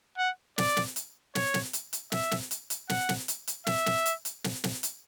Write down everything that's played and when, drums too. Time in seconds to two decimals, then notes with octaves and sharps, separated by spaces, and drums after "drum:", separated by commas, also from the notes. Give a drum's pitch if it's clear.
0.18 F#5
0.58 D5, drum: snare
0.77 drum: snare
0.96 drum: hi-hat
1.35 C#5, drum: snare
1.54 drum: snare
1.73 drum: hi-hat
1.93 drum: hi-hat
2.12 E5, drum: snare
2.31 drum: snare
2.51 drum: hi-hat
2.70 drum: hi-hat
2.89 F#5, drum: snare
3.09 drum: snare
3.28 drum: hi-hat
3.48 drum: hi-hat
3.67 E5, drum: snare
3.86 drum: snare
4.06 drum: hi-hat
4.25 drum: hi-hat
4.44 drum: snare
4.64 drum: snare
4.83 drum: hi-hat